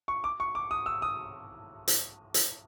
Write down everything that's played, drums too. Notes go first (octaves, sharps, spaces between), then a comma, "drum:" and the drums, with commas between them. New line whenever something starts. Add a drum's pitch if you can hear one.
C#6
D6
C#6
D6
D#6
E6
D#6
drum: hi-hat
drum: hi-hat